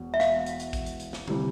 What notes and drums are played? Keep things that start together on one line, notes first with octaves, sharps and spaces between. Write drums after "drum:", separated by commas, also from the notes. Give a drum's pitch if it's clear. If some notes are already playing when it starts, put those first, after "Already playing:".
Already playing: E1 E2 B2 G#3
E5
F5, drum: snare
drum: hi-hat
drum: hi-hat
drum: kick, hi-hat
drum: hi-hat
drum: hi-hat
drum: snare
C3 E3 G3, drum: tom D3